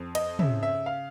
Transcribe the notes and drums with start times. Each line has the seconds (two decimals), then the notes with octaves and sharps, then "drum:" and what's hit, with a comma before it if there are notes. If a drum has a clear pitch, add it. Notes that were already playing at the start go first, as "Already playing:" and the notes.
Already playing: F2
0.15 D#5, drum: cymbal
0.39 C#3 E5, drum: tom
0.63 E5
0.86 F5